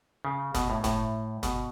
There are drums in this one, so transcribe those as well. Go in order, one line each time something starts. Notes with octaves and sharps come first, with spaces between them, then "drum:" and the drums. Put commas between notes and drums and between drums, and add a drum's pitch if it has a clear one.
C#3
B2, drum: snare G1
A2
A2, drum: snare G1
B2, drum: snare G1